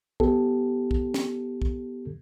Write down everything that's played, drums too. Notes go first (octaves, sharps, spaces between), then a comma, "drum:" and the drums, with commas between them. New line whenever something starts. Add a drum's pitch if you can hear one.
B3 G4 A4, drum: kick
drum: kick
drum: snare
drum: kick